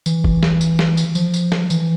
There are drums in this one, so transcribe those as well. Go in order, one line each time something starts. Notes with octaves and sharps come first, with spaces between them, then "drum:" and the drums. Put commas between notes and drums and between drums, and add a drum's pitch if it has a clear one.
E3, drum: tambourine
drum: kick F#1
drum: snare
drum: tambourine
drum: snare
drum: tambourine
F3, drum: tambourine
drum: tambourine
drum: snare
E3, drum: tambourine